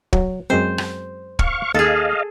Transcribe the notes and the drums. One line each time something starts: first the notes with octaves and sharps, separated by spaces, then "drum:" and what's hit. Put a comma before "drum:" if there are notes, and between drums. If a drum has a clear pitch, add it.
F#3, drum: kick
F#2 G#3 C4 C5
drum: rim click
F5 C#6, drum: kick
D#2 G#4 A4 D#5 F5